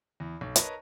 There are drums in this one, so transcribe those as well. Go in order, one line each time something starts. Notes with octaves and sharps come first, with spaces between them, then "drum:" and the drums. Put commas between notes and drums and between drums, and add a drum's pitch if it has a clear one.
E2
B1
A#4 B4 C#5 D#5 A5 A#5, drum: hi-hat